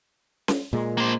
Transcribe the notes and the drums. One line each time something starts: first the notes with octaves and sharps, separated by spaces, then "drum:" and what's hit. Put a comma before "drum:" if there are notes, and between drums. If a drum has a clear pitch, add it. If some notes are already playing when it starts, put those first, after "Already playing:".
drum: snare C#4
A#2 G#3
A#3 C5